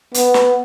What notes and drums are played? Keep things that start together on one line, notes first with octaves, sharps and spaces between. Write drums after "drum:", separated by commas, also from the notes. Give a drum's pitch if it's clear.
B3, drum: hi-hat
drum: snare